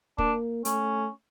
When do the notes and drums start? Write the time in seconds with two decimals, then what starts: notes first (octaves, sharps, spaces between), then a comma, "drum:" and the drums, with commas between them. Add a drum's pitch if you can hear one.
0.18 A#3 D4, drum: kick
0.65 A3 C#4, drum: hi-hat